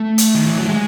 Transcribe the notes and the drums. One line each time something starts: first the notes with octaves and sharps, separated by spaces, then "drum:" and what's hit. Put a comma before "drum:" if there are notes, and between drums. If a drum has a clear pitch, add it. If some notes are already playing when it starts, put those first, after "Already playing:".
Already playing: A3
drum: hi-hat
D#3
E3
F#3
G#3